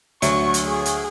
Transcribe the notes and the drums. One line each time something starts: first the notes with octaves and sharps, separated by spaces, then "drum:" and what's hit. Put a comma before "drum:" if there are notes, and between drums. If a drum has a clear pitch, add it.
D2 F#3 C#6, drum: hi-hat
drum: hi-hat
G#4
drum: hi-hat